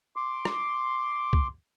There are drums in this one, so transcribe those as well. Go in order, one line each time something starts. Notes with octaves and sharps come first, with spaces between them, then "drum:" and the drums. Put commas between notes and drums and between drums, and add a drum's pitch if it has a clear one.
C6 D6
drum: rim click
drum: kick C2